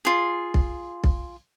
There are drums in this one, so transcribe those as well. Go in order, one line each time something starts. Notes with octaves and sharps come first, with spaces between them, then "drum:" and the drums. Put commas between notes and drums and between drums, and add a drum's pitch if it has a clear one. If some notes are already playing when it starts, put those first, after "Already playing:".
F4 G#4
drum: kick B1
drum: kick B1